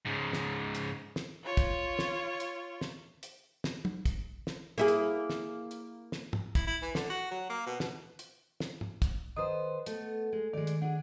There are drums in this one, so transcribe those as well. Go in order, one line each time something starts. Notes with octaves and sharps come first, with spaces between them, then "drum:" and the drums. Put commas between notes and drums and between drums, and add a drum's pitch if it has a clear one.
G#2 C#3
drum: snare
drum: hi-hat
drum: snare
F4 C#5
drum: kick, hi-hat
drum: snare
drum: hi-hat
drum: snare
drum: hi-hat
drum: snare
drum: tom
drum: kick, hi-hat
drum: snare
A#3 E4 G#4
drum: hi-hat
drum: snare
drum: hi-hat
drum: snare
drum: tom
E4, drum: kick, hi-hat
E4
E3
D3, drum: snare
F#4
F#3
A#3
B2
B2, drum: snare
drum: hi-hat
drum: snare
drum: tom
drum: kick, hi-hat
D#3 B4 C5 D#5 D#6
A3 B3, drum: hi-hat
G#3
D#3 G#3 D5
drum: hi-hat
D4 G#4 F#5